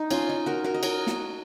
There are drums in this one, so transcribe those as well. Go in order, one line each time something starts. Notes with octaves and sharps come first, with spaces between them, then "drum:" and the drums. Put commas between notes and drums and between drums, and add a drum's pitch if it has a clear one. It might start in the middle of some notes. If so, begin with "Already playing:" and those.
Already playing: D#4
C#4 F4, drum: cymbal
D#4
F#4 A#4
F#4 A#4
D#5
A#4 C#5, drum: cymbal
drum: snare